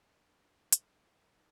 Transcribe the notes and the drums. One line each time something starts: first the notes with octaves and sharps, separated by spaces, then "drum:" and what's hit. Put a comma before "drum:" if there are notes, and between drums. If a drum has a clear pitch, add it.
F3 A3 D4
G3 A#3, drum: hi-hat
C3 D#3
D#4